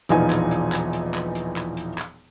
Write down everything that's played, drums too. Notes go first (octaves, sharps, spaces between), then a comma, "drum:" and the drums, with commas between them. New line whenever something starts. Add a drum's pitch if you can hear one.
E1 A#1 E3 F3 D#4 G#5, drum: hi-hat
drum: clap
drum: hi-hat
drum: clap
drum: hi-hat
drum: clap
drum: hi-hat
drum: clap
drum: hi-hat
drum: clap